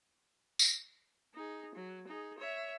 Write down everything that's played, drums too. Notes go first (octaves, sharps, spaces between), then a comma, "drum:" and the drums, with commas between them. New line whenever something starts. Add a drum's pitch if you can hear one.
drum: tambourine
D#4 G#4
F#3
D#4 G#4
C#5 E5